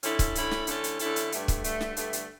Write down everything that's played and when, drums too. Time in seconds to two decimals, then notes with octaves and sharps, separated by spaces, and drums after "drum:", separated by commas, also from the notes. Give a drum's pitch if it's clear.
0.03 D3 A3 C#4 E4 A4, drum: hi-hat
0.19 drum: kick, hi-hat
0.35 D3 A3 C#4 E4 A4, drum: hi-hat
0.51 drum: snare
0.67 D3 A3 C#4 E4 A4, drum: hi-hat
0.84 drum: hi-hat
0.99 D3 A3 C#4 E4 A4, drum: hi-hat
1.16 drum: hi-hat
1.32 G2 D3 A3, drum: hi-hat
1.48 drum: kick, hi-hat
1.64 G2 D3 A3, drum: hi-hat
1.81 drum: snare
1.97 G2 D3 A3, drum: hi-hat
2.13 drum: hi-hat